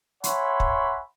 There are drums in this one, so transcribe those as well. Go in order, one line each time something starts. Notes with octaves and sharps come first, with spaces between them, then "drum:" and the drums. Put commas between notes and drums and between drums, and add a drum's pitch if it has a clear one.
C#5 E5 F#5 G#5 B5 C6, drum: hi-hat
drum: kick